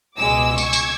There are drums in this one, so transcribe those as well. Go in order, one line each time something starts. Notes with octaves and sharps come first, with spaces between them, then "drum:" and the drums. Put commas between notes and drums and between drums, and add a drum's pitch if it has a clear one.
C#2 B2 G#3 D6 E6
C#6 D6 E6 G#6, drum: tambourine
drum: tambourine